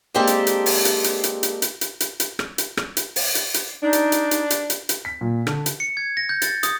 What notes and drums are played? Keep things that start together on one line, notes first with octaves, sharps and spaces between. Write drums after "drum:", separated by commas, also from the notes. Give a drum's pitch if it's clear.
G#3 A#3 C4 D4 G4 A4
drum: hi-hat
drum: hi-hat
drum: open hi-hat
drum: hi-hat
drum: hi-hat
drum: hi-hat
drum: hi-hat
drum: hi-hat
drum: hi-hat
drum: hi-hat
drum: hi-hat
drum: rim click
drum: hi-hat
drum: rim click
drum: hi-hat
drum: open hi-hat
drum: hi-hat
drum: hi-hat
D4 D#4
drum: hi-hat
drum: hi-hat
drum: hi-hat
drum: hi-hat
drum: hi-hat
drum: hi-hat
B6
A#2
D3, drum: rim click
drum: hi-hat
C#7
G#6
A#6
G6
A6, drum: hi-hat
D#6, drum: hi-hat